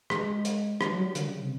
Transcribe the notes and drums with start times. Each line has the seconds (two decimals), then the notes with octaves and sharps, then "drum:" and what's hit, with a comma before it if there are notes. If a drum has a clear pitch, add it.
0.10 G#3, drum: rim click
0.45 drum: hi-hat
0.81 G3, drum: rim click
0.92 F#3
1.04 G3
1.15 D3, drum: hi-hat
1.27 C#3
1.40 C3